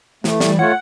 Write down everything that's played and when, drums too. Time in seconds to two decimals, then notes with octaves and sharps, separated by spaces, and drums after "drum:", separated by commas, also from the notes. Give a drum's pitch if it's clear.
0.24 E3 A3, drum: snare
0.40 G3, drum: snare
0.59 A3 F4 C#5 F#5